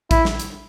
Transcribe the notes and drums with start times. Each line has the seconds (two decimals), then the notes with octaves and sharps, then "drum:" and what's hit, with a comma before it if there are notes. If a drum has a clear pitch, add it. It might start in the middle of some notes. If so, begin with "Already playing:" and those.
0.11 E4, drum: kick, hi-hat
0.25 drum: snare
0.40 drum: hi-hat